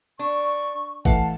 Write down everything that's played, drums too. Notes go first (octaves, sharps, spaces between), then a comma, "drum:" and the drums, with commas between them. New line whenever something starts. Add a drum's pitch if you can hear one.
D4 C#6
A2 E3 F5 F#5 A5, drum: kick G#1